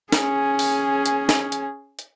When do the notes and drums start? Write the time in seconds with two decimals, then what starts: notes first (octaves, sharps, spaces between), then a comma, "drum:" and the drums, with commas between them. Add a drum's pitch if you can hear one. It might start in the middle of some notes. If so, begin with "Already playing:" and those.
0.12 C#4 G#4, drum: snare
0.59 drum: open hi-hat
1.06 drum: hi-hat
1.29 drum: snare
1.52 drum: hi-hat
1.99 drum: hi-hat